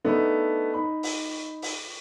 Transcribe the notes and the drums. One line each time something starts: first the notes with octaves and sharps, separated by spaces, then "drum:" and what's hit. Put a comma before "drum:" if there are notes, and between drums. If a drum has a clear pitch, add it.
A3 B3 D4 D#4
D#4 B5
drum: open hi-hat
drum: open hi-hat